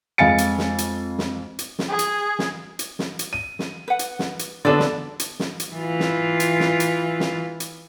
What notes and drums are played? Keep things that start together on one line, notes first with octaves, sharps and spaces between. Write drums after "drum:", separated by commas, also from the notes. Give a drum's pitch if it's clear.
F2 G#3 F5 G#5 A6 C#7
drum: hi-hat
drum: snare
drum: hi-hat
drum: snare
drum: hi-hat
drum: snare
G#4
drum: hi-hat
drum: snare
drum: hi-hat
drum: snare
drum: hi-hat
D#7
drum: snare
B4 F#5
drum: hi-hat
drum: snare
drum: hi-hat
D3 B3 D4 A4 B4 D5
drum: snare
drum: hi-hat
drum: snare
drum: hi-hat
E3 F4
drum: snare
drum: hi-hat
drum: snare
drum: hi-hat
drum: snare
drum: hi-hat